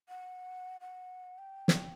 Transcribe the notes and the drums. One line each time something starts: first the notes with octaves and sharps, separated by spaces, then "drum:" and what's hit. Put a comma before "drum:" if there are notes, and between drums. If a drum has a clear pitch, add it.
F#5
F#5
G5
drum: snare